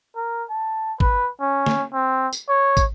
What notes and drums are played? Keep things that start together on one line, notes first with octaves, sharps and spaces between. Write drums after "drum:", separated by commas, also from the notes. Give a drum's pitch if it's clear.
A#4
A5
B4, drum: kick
C#4
drum: snare
C4
drum: tambourine
C#5
drum: kick, tambourine